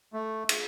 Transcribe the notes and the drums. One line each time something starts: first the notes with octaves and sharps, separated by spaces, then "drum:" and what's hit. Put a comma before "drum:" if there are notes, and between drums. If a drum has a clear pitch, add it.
A3
drum: cymbal